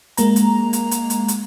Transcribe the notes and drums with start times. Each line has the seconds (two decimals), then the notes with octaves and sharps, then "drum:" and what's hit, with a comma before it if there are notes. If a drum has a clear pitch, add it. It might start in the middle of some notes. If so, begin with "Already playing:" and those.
0.17 G#3 A#3 A#5, drum: hi-hat
0.36 drum: hi-hat
0.73 drum: hi-hat
0.91 drum: hi-hat
1.10 drum: hi-hat
1.28 drum: hi-hat